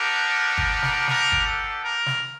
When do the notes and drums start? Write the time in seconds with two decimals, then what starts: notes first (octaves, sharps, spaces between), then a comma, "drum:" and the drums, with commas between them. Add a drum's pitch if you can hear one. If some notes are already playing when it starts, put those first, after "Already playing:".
Already playing: B3 D4 G4 A#4
0.58 drum: kick
0.82 drum: snare
1.08 A#4, drum: snare
1.32 drum: kick
1.45 A4
1.82 A#4
2.06 drum: snare